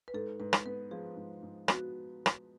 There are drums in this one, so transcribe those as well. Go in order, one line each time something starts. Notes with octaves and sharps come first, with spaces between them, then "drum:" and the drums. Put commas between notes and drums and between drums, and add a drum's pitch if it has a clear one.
B4
G#2 A4
G#2 B4
drum: rim click
B3 B4
F3 G#4
G#2
G#2
B3 F#4, drum: rim click
drum: rim click